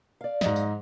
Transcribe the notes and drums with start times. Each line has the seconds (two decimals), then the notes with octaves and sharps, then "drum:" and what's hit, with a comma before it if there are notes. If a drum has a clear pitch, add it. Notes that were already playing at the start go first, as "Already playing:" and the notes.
0.21 D5 F5
0.41 G#2 D#5, drum: snare
0.56 drum: tambourine